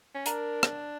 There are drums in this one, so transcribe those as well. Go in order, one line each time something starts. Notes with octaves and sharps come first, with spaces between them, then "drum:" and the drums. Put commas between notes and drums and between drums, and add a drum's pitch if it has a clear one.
C#4
D4 A#4, drum: hi-hat
drum: rim click